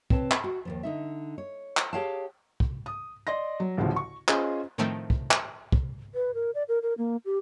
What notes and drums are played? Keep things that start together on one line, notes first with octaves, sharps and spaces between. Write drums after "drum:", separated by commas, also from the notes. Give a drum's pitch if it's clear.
C4 B4 C#5 A5, drum: kick
drum: clap
F#4
D#2 C3 F3
D3 D#4 E5
C#5
drum: clap
G4 G#4 C#5 F5 G5 A5
drum: kick
D#6
D5 D#5 C6 A#6
F#3
A1 D2 A2 C#3 F3
C#6
C#4 F4 G#4 C5 D#5, drum: clap
A2 D#3 F3 A3 C4
drum: kick
drum: clap
drum: kick
B4
A#4
D5
A#4
A#4
A#3
G4